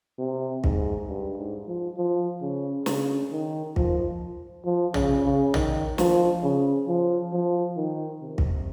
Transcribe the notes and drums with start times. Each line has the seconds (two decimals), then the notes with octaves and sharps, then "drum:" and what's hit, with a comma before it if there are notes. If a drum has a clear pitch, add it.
0.18 C3
0.64 G#2, drum: kick
1.08 G2
1.37 G#2
1.67 F3
1.97 F3
2.41 C#3
2.86 C#3, drum: snare
3.31 D#3
3.76 F3, drum: kick
4.65 F3
4.94 C#3, drum: tom A#1
5.24 C#3
5.54 D#3, drum: tom A#1
5.98 F3, drum: snare
6.43 C#3
6.88 F3
7.32 F3
7.77 D#3
8.21 C3
8.38 drum: kick